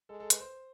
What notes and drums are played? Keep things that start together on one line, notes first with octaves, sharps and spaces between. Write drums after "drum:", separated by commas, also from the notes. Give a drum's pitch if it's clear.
G#3 A4
A4
B4, drum: hi-hat
C5